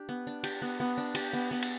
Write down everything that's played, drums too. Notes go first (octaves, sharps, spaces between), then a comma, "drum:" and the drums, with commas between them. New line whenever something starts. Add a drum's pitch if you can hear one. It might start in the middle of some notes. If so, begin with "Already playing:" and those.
Already playing: D4 G4
B3
D4
G4, drum: cymbal
B3
B3
D4
G4, drum: cymbal
B3
B3
drum: cymbal